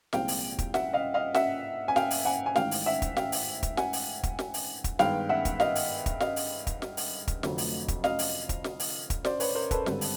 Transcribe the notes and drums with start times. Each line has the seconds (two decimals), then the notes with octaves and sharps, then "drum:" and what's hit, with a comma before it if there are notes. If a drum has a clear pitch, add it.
0.13 C2 A#2 F3 G#3 C4 F5 G5, drum: snare
0.28 drum: open hi-hat
0.59 drum: kick, hi-hat
0.74 E5 F#5, drum: snare
0.93 D#5 F5
1.14 D#5 F5
1.34 E5 F#5, drum: snare
1.88 G#5
1.96 F5 G5, drum: snare
2.11 drum: open hi-hat
2.25 F#5 G#5
2.46 G#5
2.56 A1 G#2 D#3 F5 G5, drum: snare
2.71 drum: open hi-hat
2.86 E5 F#5
3.02 drum: kick, hi-hat
3.17 F5 G5, drum: snare
3.32 drum: open hi-hat
3.63 drum: kick, hi-hat
3.77 F#5 G#5, drum: snare
3.93 drum: open hi-hat
4.23 drum: kick, hi-hat
4.39 drum: snare
4.54 drum: open hi-hat
4.84 drum: kick, hi-hat
4.99 G2 D#3 G#3 B3 F5 G5, drum: snare
5.29 E5 F#5
5.45 drum: kick, hi-hat
5.60 D#5 F5, drum: snare
5.75 drum: open hi-hat
6.06 drum: kick, hi-hat
6.20 D#5 F5, drum: snare
6.36 drum: open hi-hat
6.67 drum: kick, hi-hat
6.82 drum: snare
6.97 drum: open hi-hat
7.28 drum: kick, hi-hat
7.43 F1 F2 D3 F#3 A3, drum: snare
7.58 drum: open hi-hat
7.88 drum: kick, hi-hat
8.04 D#5 F5, drum: snare
8.19 drum: open hi-hat
8.49 drum: kick, hi-hat
8.64 drum: snare
8.80 drum: open hi-hat
9.10 drum: kick, hi-hat
9.25 C5 D5, drum: snare
9.40 B4 C#5, drum: open hi-hat
9.55 A#4 C5
9.71 A4 B4, drum: kick, hi-hat
9.86 G#1 G2 D3 G3 C4, drum: snare
10.01 drum: open hi-hat